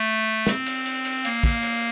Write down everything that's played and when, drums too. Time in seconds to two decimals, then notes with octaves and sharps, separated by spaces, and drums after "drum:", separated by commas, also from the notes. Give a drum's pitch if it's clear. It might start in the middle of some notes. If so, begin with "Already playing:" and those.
Already playing: A3
0.47 C4, drum: snare
0.66 drum: cymbal
0.86 drum: cymbal
1.05 drum: cymbal
1.25 A#3, drum: cymbal
1.43 drum: kick, cymbal
1.63 drum: cymbal